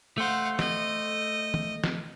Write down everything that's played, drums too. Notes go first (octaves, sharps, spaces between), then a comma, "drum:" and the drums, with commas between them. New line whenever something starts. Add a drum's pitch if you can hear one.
A3 C5 F5 F#5
D#5, drum: snare
drum: tom
drum: snare